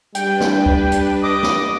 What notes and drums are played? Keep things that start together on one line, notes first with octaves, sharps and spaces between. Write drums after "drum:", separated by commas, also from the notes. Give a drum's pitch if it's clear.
G3 D4 B4 G5, drum: hi-hat
drum: snare
drum: kick
drum: hi-hat
D#5 D6
drum: snare